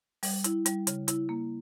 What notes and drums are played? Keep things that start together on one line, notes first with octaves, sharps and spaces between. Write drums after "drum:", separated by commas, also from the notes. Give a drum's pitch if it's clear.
G3, drum: open hi-hat
E4, drum: hi-hat
G3, drum: hi-hat
C#3, drum: hi-hat
E4, drum: hi-hat
A#3